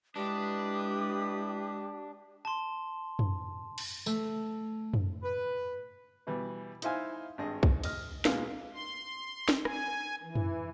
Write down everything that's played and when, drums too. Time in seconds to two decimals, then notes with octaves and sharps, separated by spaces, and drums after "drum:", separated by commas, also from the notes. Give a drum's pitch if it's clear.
0.16 G#3 D4 E4 G4 B4 D#6
2.45 A5 C6
3.19 drum: tom
3.78 drum: cymbal
4.06 A3, drum: tambourine
4.94 drum: tom
5.22 B4
6.27 B2 E3 G3
6.82 D#4 E4 C5 F5 G#5, drum: hi-hat
7.38 G#1 G2 G#4 D#5
7.63 drum: kick
7.84 D#5 F6, drum: cymbal
8.25 B2 G#3 A#3 B3 F4, drum: snare
8.74 C6
9.49 drum: snare
9.65 G#5, drum: rim click
10.22 E3
10.35 drum: tom